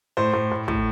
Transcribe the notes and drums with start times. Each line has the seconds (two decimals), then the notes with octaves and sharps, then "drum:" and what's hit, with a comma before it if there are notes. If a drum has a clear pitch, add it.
0.17 A2 C5
0.34 A2
0.52 A2
0.68 A2, drum: kick